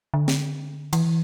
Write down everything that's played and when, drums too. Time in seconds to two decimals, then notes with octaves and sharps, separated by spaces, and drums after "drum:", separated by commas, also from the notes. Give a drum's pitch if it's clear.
0.14 D3
0.28 drum: snare
0.93 E3, drum: cymbal